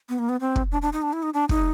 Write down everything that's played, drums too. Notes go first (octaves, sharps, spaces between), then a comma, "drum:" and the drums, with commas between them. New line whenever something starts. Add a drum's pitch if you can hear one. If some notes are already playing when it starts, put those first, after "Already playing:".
B3
A#3
B3
C4
drum: kick
D4
D4
D#4
D4
E4
D#4
D4
D#4, drum: kick